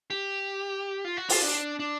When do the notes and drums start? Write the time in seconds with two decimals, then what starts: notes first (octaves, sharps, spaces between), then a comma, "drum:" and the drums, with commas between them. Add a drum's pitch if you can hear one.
0.10 G4
1.05 F4
1.17 F#4
1.29 F4, drum: open hi-hat
1.42 D4
1.80 D4